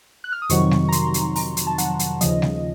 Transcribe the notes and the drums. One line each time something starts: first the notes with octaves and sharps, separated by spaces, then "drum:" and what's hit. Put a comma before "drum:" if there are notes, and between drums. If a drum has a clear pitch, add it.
F#6
F6
D#6
F2 C3 D#3 F#3 C#6, drum: hi-hat
drum: snare G3
A#5
C6, drum: hi-hat
drum: hi-hat
A#5, drum: open hi-hat
drum: hi-hat
A5
F#5, drum: hi-hat
drum: hi-hat
D#2 C#3 F3 D#5, drum: hi-hat
drum: snare G3